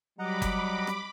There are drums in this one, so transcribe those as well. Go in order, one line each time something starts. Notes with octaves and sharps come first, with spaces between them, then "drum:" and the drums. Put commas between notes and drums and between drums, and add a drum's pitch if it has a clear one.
F#3 G3 D#5 F#5 A#5 B5 D6
drum: kick F#1, hi-hat
drum: rim click